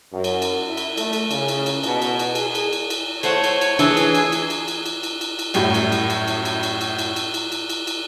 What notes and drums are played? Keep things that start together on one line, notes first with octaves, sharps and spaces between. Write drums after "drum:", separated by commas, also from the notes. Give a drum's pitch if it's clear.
F#2
drum: cymbal
drum: cymbal
E4
drum: cymbal
A3, drum: cymbal
drum: cymbal
C#3, drum: cymbal
drum: cymbal
drum: cymbal
B2, drum: cymbal
drum: cymbal
drum: cymbal
G#4, drum: cymbal
drum: cymbal
drum: cymbal
drum: cymbal
A3 C5 C#5 F#5, drum: cymbal
drum: cymbal
drum: cymbal
E3 D4 G#4 C#5 A5, drum: cymbal
drum: cymbal
drum: cymbal
drum: cymbal
drum: cymbal
drum: cymbal
drum: cymbal
drum: cymbal
drum: cymbal
drum: cymbal
F#2 A2 F#3 G3, drum: cymbal
drum: cymbal
drum: cymbal
drum: cymbal
drum: cymbal
drum: cymbal
drum: cymbal
drum: cymbal
drum: cymbal
drum: cymbal
drum: cymbal
drum: cymbal
drum: cymbal
drum: cymbal